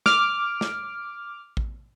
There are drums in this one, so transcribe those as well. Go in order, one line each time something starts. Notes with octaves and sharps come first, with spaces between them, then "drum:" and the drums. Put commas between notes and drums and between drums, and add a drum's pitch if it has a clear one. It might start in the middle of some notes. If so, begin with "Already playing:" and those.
D6 F6, drum: snare
drum: snare
drum: kick A1